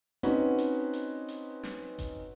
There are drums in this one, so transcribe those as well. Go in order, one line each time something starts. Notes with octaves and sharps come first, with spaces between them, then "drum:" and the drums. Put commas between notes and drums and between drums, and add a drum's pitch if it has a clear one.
C4 C#4 D#4 F#4 B4, drum: hi-hat
drum: hi-hat
drum: hi-hat
drum: hi-hat
drum: snare
drum: kick F#1, hi-hat